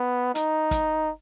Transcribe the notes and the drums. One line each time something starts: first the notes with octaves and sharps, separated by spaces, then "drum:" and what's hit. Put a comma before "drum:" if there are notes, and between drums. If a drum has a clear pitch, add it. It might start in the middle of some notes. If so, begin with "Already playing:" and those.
Already playing: B3
D#4, drum: hi-hat
drum: kick, hi-hat